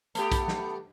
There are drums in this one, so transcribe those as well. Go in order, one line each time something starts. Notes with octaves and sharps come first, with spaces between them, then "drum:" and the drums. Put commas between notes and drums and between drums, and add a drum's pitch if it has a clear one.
A3 B3 G4, drum: hi-hat
drum: kick, hi-hat
drum: snare